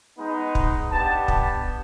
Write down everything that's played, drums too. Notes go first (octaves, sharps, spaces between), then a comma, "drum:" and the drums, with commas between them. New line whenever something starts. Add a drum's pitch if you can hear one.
G#3 B3 D#4
drum: kick
B3 D4 G4 A5
A5, drum: kick